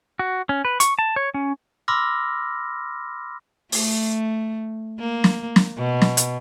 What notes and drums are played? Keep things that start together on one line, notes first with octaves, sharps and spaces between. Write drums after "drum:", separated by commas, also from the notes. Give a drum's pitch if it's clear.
F#4
C#4
B4
C#6, drum: hi-hat
A5
C#5
C#4
B5 C6 D6 E6 F6 A#6
A3, drum: open hi-hat
A#3
drum: snare
drum: snare
B2
drum: snare
drum: hi-hat